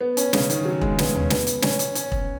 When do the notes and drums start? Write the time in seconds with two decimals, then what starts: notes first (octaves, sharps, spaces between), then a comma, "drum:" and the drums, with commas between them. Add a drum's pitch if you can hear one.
0.01 B3
0.17 C#4, drum: hi-hat
0.33 C#3, drum: snare
0.50 D#3, drum: hi-hat
0.65 F#3
0.81 G#3, drum: kick E1
0.99 B3, drum: snare
1.15 C#4, drum: tom
1.30 B3, drum: snare
1.47 drum: hi-hat
1.62 C#4, drum: snare
1.79 drum: hi-hat
1.95 C#4, drum: hi-hat
2.12 drum: kick E1